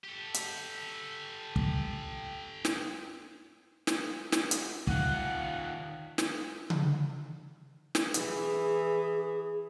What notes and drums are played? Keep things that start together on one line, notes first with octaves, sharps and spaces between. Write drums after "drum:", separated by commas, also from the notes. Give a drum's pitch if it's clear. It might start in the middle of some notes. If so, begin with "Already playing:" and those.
G4 A4
drum: hi-hat
drum: kick
drum: snare
drum: snare
drum: snare
drum: hi-hat
D#3 F4 F#5, drum: kick
drum: snare
drum: tom C#3
drum: snare
E3 G#4, drum: hi-hat